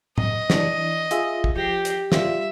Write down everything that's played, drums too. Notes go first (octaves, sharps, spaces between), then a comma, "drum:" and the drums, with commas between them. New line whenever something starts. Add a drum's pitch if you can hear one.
D#5, drum: tom A2
E3 D4, drum: snare
F4 G#4 E5, drum: hi-hat
drum: kick
F3 G4 A#6 C7
drum: hi-hat
G3 F4 E5, drum: snare